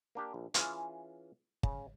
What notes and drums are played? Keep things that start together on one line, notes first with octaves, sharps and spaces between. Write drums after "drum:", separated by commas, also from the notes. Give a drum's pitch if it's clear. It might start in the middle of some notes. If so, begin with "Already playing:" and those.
A#3 D4 G4
A#1
E3 C#4 F4 G#4, drum: hi-hat
C#3, drum: kick